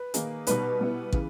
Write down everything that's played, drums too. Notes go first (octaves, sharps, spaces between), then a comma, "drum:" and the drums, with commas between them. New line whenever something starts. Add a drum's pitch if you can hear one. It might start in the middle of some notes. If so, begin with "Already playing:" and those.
Already playing: B4
D#3 A#3 D#4 G#4, drum: hi-hat
B2 G3 B3 D#4 B4, drum: hi-hat
B2 G3 B3 E4
C#3 E3, drum: kick